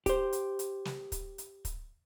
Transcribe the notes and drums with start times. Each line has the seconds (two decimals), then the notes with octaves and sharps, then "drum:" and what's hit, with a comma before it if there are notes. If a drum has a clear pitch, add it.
0.06 G4 C5, drum: kick, hi-hat
0.33 drum: hi-hat
0.59 drum: hi-hat
0.85 drum: snare
1.12 drum: kick, hi-hat
1.38 drum: hi-hat
1.65 drum: kick, hi-hat